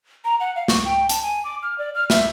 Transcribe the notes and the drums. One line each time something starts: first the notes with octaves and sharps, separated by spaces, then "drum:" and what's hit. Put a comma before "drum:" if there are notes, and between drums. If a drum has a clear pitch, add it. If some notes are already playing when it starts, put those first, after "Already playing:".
A#5
F#5
F5
C#6, drum: snare
G5
A5, drum: hi-hat
G#5
D6
F6
D5
F6
E5, drum: snare